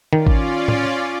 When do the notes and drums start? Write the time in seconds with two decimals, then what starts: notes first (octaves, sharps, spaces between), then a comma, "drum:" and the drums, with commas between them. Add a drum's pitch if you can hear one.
0.13 D#3 C#4 F4 D5
0.27 drum: kick G#1
0.68 drum: tom A2